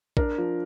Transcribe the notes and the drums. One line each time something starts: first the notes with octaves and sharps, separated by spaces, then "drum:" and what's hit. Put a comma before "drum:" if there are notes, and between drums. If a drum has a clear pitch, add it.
D4 A#4, drum: kick A#1
F3